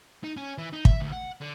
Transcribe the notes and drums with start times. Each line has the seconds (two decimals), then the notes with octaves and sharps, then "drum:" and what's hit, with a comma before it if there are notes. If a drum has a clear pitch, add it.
0.24 D#4
0.37 C#4
0.58 E3
0.73 D#4
0.85 E5, drum: kick
1.01 D2
1.12 F#5
1.41 D3